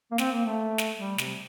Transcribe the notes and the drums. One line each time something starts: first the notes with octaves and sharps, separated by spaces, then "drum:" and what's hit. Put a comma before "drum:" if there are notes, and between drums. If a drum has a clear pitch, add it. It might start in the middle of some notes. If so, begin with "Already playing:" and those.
A#3
C4, drum: snare
A#3
A3
drum: snare
G3
C3, drum: snare